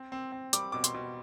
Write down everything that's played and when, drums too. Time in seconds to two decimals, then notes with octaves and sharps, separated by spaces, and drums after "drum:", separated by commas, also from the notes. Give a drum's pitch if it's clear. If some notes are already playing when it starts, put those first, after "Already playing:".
Already playing: C4
0.12 C4
0.32 C4
0.53 G3 D6, drum: hi-hat
0.72 B2 D6
0.84 C6, drum: hi-hat
0.94 B2